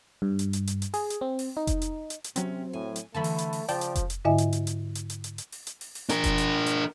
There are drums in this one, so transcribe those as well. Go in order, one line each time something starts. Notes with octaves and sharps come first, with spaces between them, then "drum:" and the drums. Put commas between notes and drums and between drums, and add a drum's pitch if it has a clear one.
G2
drum: hi-hat
drum: hi-hat
drum: hi-hat
drum: hi-hat
G#4, drum: open hi-hat
drum: hi-hat
C4
drum: open hi-hat
D#4
drum: kick F1, hi-hat
drum: hi-hat
drum: hi-hat
drum: hi-hat
C3 F#3 C4 C#4, drum: hi-hat
A2 G#5
drum: hi-hat
D3 E3 F#3 A3 A5 B5
drum: open hi-hat
drum: hi-hat
drum: open hi-hat
C#3 F3 D5 G5 A5, drum: open hi-hat
drum: hi-hat
drum: kick F1, hi-hat
drum: hi-hat
G#2 D3 E4 D#5 E5 G#5
drum: hi-hat
drum: hi-hat
drum: hi-hat
drum: hi-hat
drum: hi-hat
drum: hi-hat
drum: hi-hat
drum: open hi-hat
drum: hi-hat
drum: open hi-hat
drum: open hi-hat
D4 A#4, drum: hi-hat
drum: kick F1, hi-hat
drum: hi-hat
drum: hi-hat